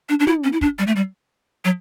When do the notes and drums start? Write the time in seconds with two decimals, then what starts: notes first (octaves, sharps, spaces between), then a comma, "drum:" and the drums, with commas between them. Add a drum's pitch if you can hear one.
0.09 D4
0.20 D4
0.27 E4, drum: tom
0.44 C#4
0.53 E4
0.61 D4, drum: kick
0.79 G3
0.87 A3
0.96 G3
1.65 F#3